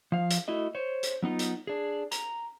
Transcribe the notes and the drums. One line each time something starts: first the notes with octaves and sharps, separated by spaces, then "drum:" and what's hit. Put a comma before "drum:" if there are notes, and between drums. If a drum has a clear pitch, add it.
F3 F5
drum: hi-hat
A3 E4 F#4 D#5
C5 C#5
drum: hi-hat
F#3 B3 D#4 F4
drum: hi-hat
D4 G#4
A#5, drum: hi-hat